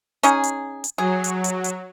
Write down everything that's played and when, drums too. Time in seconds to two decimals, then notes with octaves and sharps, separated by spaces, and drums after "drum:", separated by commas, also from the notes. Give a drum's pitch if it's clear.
0.23 C#4 D#4 G#4, drum: hi-hat
0.44 drum: hi-hat
0.84 drum: hi-hat
0.98 F#3 G#4
1.24 drum: hi-hat
1.44 drum: hi-hat
1.64 drum: hi-hat